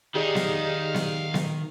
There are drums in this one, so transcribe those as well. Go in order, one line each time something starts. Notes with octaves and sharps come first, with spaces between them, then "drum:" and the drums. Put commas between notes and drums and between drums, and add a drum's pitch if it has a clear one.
D#3 D#4 G4 G#4 D5 F5 F#5
drum: snare B3
drum: snare B3
drum: snare B3